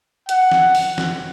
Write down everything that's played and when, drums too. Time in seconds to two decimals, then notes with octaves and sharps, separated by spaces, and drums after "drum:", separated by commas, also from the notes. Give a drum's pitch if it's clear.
0.29 F#5, drum: hi-hat
0.51 drum: snare
0.75 drum: open hi-hat
0.98 drum: snare